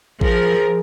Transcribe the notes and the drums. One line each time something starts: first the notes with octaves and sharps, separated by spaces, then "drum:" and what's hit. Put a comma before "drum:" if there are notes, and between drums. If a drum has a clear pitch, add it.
F3 G#4 A#4, drum: kick A1